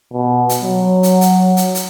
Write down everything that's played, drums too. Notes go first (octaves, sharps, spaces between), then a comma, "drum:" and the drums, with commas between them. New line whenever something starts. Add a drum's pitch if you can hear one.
B2
drum: hi-hat
F#3
drum: hi-hat
drum: hi-hat
drum: hi-hat
drum: hi-hat